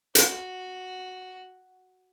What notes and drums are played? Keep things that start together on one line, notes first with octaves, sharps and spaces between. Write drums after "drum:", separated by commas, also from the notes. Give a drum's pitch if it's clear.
F#4, drum: hi-hat